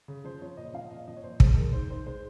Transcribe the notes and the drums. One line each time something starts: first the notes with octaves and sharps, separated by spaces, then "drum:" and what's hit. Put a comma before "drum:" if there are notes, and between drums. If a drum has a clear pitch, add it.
C#3
F3 C5
F3 C#5
A#2 D#5
F3 F5
A#2 D#5
F3 D#5
C#5
A#2 C5
G#3 C5, drum: kick
G#3 A#4
D#3 C5
D#3 C5
G#3 C5